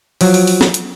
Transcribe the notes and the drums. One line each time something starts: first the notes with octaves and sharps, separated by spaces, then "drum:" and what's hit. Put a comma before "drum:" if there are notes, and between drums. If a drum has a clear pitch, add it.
F3 F#3, drum: open hi-hat
drum: open hi-hat
drum: open hi-hat
drum: snare
drum: hi-hat